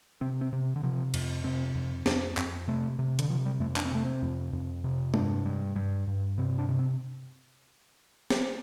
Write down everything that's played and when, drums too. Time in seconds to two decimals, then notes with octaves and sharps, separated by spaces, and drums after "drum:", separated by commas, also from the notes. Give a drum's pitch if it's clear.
0.21 C3 C4
0.41 C4
0.53 C3
0.76 D3
0.83 C3 F3
1.14 F2, drum: cymbal
1.44 C3 C4
1.75 F2
2.06 F2 D4, drum: snare
2.37 F2 C4, drum: clap
2.67 C3 A3
2.99 C3
3.19 D3, drum: hi-hat
3.30 C3 F3
3.46 G3
3.60 F2 A3
3.76 D4, drum: clap
3.85 C4
3.92 C3 A3
4.05 C4
4.22 F2
4.53 F2
4.84 C3
5.14 G2 D4, drum: tom G#3
5.45 G2
5.76 G2
6.07 G2
6.38 C3 C4
6.58 D4
6.69 C3
6.79 C4
8.30 drum: snare